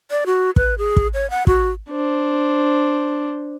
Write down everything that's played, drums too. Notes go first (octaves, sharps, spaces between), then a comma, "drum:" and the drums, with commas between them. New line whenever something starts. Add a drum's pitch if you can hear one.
D5
F#4
B4, drum: kick
G#4
drum: kick
C#5
F#5
F#4, drum: kick
D4 C5